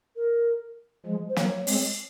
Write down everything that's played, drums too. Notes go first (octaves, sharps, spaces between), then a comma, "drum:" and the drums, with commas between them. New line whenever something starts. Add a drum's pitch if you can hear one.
A#4
F3 G#3
C5
F#3 A#3 C#5, drum: snare
G#3 C4, drum: open hi-hat